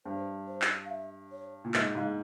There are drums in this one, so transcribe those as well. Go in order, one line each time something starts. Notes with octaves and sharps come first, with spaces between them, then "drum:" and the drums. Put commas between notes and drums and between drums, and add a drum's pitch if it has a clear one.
G2 C5
C5
drum: clap
F5
E5
C#5
A#2
G#2 E5, drum: clap
G#2 F5